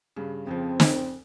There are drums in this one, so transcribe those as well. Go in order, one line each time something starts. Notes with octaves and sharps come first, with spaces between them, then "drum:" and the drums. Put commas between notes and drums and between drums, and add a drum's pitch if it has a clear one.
G2 C#3
F2 C#3 F3 C4
drum: snare